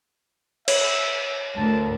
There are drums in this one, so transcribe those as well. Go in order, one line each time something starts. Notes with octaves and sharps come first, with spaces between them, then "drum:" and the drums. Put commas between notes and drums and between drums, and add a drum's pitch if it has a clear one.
C#5 E5, drum: cymbal
D2 A2 A#4 A5